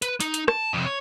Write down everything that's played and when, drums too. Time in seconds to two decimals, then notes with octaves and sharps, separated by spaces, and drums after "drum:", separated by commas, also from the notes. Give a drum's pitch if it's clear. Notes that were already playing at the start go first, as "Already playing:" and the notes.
0.02 B4, drum: hi-hat
0.20 D#4, drum: hi-hat
0.34 drum: hi-hat
0.48 A5, drum: rim click
0.73 F2 C3
0.86 C#5